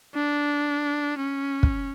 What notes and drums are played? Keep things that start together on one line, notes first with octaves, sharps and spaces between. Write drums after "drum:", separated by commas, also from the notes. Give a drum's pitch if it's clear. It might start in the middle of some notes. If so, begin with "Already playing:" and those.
D4
C#4
drum: kick